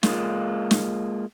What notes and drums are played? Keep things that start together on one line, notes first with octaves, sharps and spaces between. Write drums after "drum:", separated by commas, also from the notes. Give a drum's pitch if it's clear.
G#3 A#3 F4, drum: snare
drum: snare